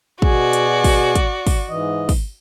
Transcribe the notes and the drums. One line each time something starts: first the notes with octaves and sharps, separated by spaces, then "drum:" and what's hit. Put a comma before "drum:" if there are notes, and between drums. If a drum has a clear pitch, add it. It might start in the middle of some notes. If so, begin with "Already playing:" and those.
B2 F#4 G#4 D5, drum: kick
drum: hi-hat
drum: kick, open hi-hat
drum: kick, hi-hat
drum: kick, open hi-hat
G#2 E3 D#5
drum: kick, open hi-hat